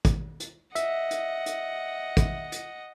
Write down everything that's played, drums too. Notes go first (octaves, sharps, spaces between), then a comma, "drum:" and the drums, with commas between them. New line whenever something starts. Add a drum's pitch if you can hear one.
drum: kick, hi-hat
drum: hi-hat
D#5 E5 F#5, drum: hi-hat
drum: hi-hat
drum: hi-hat
drum: kick, hi-hat
drum: hi-hat